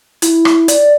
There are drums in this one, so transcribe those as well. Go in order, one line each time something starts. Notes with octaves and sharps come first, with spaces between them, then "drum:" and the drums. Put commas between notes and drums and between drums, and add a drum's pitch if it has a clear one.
E4, drum: hi-hat
drum: rim click
D5, drum: hi-hat